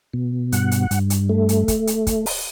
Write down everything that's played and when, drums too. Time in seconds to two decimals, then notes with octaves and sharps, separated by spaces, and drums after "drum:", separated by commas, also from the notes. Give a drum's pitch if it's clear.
0.13 B2
0.52 G2 F#5, drum: hi-hat
0.71 drum: hi-hat
0.91 G2, drum: hi-hat
1.10 drum: hi-hat
1.29 A3
1.49 drum: hi-hat
1.68 drum: kick, hi-hat
1.87 drum: hi-hat
2.07 drum: kick, hi-hat
2.26 drum: open hi-hat